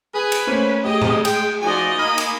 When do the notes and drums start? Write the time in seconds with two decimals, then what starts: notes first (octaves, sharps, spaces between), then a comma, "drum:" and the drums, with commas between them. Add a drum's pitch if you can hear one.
0.14 G#4 B4 G#5
0.32 drum: cymbal
0.47 A3 A#3 C#4 C5
0.85 A3 G4 G#4 D#5
1.02 drum: tom A2
1.25 G#3 G5, drum: cymbal
1.62 F3 D#4 F#4 D5 D#5 G#5
1.99 A#3 G#5 B5 F6
2.18 drum: cymbal